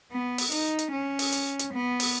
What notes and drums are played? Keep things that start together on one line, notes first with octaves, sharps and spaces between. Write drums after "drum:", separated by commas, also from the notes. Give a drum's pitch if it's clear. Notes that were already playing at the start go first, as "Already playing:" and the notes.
B3
drum: open hi-hat
D#4, drum: hi-hat
drum: hi-hat
C#4
drum: open hi-hat
drum: hi-hat
drum: hi-hat
B3
drum: open hi-hat